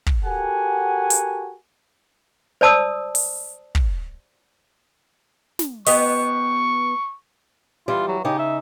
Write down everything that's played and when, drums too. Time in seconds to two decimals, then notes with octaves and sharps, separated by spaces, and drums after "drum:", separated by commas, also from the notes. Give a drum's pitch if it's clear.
0.06 drum: kick
0.25 F#4 G4 A4 A#4 F#5 G#5
1.10 drum: hi-hat
2.61 C5 D5 A5 D#6 E6
3.15 drum: open hi-hat
3.75 drum: kick
5.59 drum: snare
5.87 B3 G4 D#5 C#6, drum: open hi-hat
7.88 E3 G3 F4
8.08 F#3
8.25 C#3 D#4 G4 D#5
8.39 E5